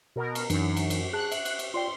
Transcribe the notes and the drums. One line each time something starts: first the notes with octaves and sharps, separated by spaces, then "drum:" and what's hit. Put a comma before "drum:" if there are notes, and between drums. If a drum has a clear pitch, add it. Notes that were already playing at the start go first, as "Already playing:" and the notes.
B2 A#4
drum: cymbal
F#2 E3 D4 D#4, drum: cymbal
drum: cymbal
drum: cymbal
G#4 A5 F#6
E5, drum: cymbal
drum: cymbal
drum: cymbal
F4 D5 G5 C6